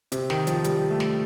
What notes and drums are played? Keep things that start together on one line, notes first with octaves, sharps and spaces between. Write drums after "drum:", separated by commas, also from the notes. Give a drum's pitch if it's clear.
C3, drum: hi-hat
D#3, drum: snare
F3, drum: hi-hat
G3, drum: hi-hat
A3
drum: snare